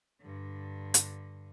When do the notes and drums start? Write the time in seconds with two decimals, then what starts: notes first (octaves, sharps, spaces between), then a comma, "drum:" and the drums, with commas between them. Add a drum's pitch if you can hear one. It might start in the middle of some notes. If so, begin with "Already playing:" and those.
0.22 G2 D3
0.94 drum: hi-hat